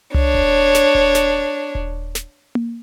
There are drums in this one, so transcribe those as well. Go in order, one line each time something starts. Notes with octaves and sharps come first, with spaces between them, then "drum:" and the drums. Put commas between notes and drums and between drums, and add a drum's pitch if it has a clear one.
D4 C#5, drum: tom C2
drum: kick D#1
drum: snare
drum: kick D#1
drum: snare
drum: kick D#1
drum: snare
drum: tom A#3